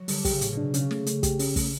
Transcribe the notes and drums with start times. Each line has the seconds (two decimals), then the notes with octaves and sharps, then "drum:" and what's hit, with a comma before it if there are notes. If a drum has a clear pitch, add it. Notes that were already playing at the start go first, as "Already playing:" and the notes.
Already playing: F#3
0.08 D3 G3, drum: open hi-hat
0.25 G4, drum: kick, open hi-hat
0.31 C#3
0.41 A2, drum: hi-hat
0.52 B2
0.57 D4
0.74 C#3 C#4, drum: hi-hat
0.91 A3, drum: snare
1.06 A3, drum: hi-hat
1.23 G4, drum: kick, hi-hat
1.39 C#4, drum: open hi-hat
1.56 A3, drum: kick, open hi-hat